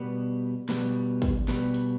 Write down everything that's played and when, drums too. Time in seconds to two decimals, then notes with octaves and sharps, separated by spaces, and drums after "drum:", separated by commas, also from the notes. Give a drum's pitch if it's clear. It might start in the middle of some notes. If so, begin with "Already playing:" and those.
Already playing: B2 G3 B3
0.69 B2 G3 B3, drum: snare
1.22 drum: kick, hi-hat
1.48 B2 G3 B3, drum: snare
1.74 drum: hi-hat